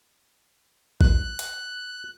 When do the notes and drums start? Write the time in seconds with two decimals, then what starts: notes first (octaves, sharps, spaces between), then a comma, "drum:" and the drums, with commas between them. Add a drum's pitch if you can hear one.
1.01 F#6, drum: kick
1.39 drum: hi-hat